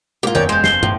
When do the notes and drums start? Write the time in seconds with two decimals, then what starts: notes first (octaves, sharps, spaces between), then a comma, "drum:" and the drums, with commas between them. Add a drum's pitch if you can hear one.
0.23 G#2 A#3 F4 G4
0.35 F#1 E2 D#3 C#5 D5 G5
0.49 G#3 G4 C5
0.64 C7 G7, drum: snare
0.83 A2, drum: tom